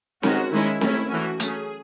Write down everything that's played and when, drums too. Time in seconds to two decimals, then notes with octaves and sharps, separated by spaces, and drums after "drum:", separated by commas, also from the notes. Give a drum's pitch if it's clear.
0.23 D#3 G#3 C#4 F#4, drum: snare C4
0.52 D#3 G#3 C#4 E4
0.81 D#3 A3 C#4 E4, drum: snare C4
1.10 E3 A3 C#4 F#4
1.40 F#3 A3 C#4 G#4, drum: hi-hat